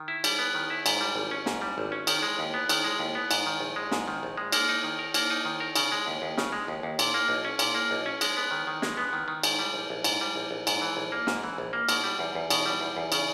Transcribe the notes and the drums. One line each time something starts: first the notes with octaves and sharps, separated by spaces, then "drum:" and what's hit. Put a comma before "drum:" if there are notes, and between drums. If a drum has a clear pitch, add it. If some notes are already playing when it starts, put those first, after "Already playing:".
Already playing: D#3
E4
G3, drum: cymbal
B3
D#3
E4
G#2, drum: cymbal
G3
G#1
C#4
G#2, drum: snare
G3
G#1
C#4
D#3, drum: cymbal
G#3
D#2
B3
D#3, drum: cymbal
G#3
D#2
B3
G#2, drum: cymbal
D#3
A#1
G#3
G#2, drum: snare
D#3
A#1
G#3
A#3, drum: cymbal
D#4
D#3
A#4
A#3, drum: cymbal
D#4
D#3
A#4
C#3, drum: cymbal
G#3
D#2
D#2
C#3, drum: snare
G#3
D#2
D#2
A#2, drum: cymbal
A#3
B1
C#4
A#2, drum: cymbal
A#3
B1
C#4
G#3, drum: cymbal
B3
D#3
D#3
G#3, drum: snare
B3
D#3
D#3
G#2, drum: cymbal
G3
A#1
A#1
G#2, drum: cymbal
G3
A#1
A#1
G#2, drum: cymbal
E3
A#1
A#3
G#2, drum: snare
E3
A#1
A#3
B2, drum: cymbal
G3
E2
E2
B2, drum: cymbal
G3
E2
E2
C#3, drum: cymbal